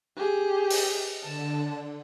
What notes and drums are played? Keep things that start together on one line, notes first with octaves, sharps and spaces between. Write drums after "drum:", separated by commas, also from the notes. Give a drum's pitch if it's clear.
G4 G#4
drum: open hi-hat
D3 A5